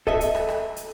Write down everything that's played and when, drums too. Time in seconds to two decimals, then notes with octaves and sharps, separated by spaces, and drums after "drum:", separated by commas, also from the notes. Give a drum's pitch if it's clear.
0.07 A4 D#5 E5, drum: kick
0.21 drum: hi-hat
0.35 drum: rim click
0.49 drum: rim click
0.76 drum: hi-hat